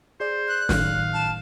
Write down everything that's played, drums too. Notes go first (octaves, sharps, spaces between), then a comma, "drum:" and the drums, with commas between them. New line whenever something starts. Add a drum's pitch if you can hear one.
G#4 C5 D5
F#6
A2 D#3 F#3 F5, drum: snare
A5